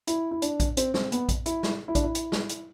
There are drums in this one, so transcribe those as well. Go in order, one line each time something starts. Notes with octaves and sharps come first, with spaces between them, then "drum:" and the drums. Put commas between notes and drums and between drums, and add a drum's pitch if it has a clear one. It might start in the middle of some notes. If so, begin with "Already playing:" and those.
E4, drum: hi-hat
E4
D4, drum: hi-hat
drum: kick A#1, hi-hat
C4, drum: hi-hat
C4, drum: snare
B3, drum: hi-hat
drum: kick A#1, hi-hat
E4, drum: hi-hat
drum: snare
E4
D4, drum: kick A#1, hi-hat
E4
drum: hi-hat
drum: snare
drum: hi-hat